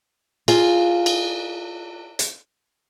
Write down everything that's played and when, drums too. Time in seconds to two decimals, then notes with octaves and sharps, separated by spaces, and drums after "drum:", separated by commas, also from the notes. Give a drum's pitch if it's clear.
0.48 F4 G#4 F5, drum: cymbal
1.06 drum: cymbal
2.19 drum: hi-hat